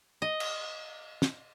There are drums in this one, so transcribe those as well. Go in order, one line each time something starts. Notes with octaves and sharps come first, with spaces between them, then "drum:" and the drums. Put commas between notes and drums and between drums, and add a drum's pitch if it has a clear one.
D#5
drum: cymbal
drum: snare